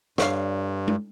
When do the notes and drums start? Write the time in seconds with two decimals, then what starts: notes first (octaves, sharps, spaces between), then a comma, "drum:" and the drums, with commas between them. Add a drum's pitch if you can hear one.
0.18 G2 D3 C#5 F5, drum: snare
0.88 drum: tom G#3